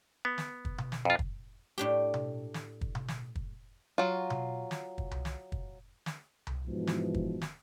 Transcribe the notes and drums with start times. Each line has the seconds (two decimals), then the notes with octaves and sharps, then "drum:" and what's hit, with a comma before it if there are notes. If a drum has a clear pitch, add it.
0.25 B3
0.38 drum: snare
0.65 drum: kick
0.78 drum: tom B2
0.92 drum: snare
1.05 F2 F4
1.19 drum: kick
1.78 A2 D4 G4
2.14 drum: tom B2
2.54 drum: snare
2.81 drum: kick
2.95 drum: tom B2
3.08 drum: snare
3.35 drum: kick
3.98 F#3 F4
4.30 drum: tom B2
4.71 drum: snare
4.98 drum: kick
5.11 drum: tom C2
5.25 drum: snare
5.52 drum: kick
6.06 drum: snare
6.47 drum: tom C2
6.68 G#2 B2 E3 F3
6.87 drum: snare
7.14 drum: kick
7.42 drum: snare